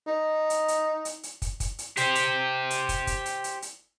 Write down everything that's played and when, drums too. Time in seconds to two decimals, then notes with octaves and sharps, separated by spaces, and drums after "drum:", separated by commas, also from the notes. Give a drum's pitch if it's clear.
0.07 D#4
0.50 drum: hi-hat
0.68 drum: hi-hat
1.05 drum: hi-hat
1.23 drum: hi-hat
1.42 drum: kick, hi-hat
1.60 drum: kick, hi-hat
1.79 drum: hi-hat
1.97 G4 C5, drum: hi-hat
2.15 drum: hi-hat
2.70 drum: hi-hat
2.89 drum: kick, hi-hat
3.07 drum: kick, hi-hat
3.26 drum: hi-hat
3.44 drum: hi-hat
3.62 drum: hi-hat